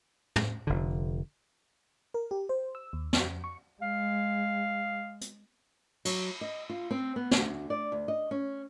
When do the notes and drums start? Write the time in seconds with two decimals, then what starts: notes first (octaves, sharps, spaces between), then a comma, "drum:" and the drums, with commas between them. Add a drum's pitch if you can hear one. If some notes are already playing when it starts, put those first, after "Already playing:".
0.36 drum: tom
0.67 F1 D3
2.14 A#4
2.31 G4
2.49 C5
2.75 E6
2.93 D#2
3.13 F2, drum: snare
3.44 C#6
3.82 G#3 F5
5.21 drum: hi-hat
6.05 F#3, drum: cymbal
6.41 D#5
6.70 F4
6.91 C4
7.16 B3
7.31 D2, drum: snare
7.70 D5
7.92 D2
8.08 D#5
8.31 C#4